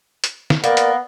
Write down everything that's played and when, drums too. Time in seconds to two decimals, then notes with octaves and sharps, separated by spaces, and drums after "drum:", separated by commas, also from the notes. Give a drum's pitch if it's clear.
0.24 drum: hi-hat
0.50 drum: snare
0.64 A#3 B3 A#4 D5, drum: hi-hat
0.77 drum: hi-hat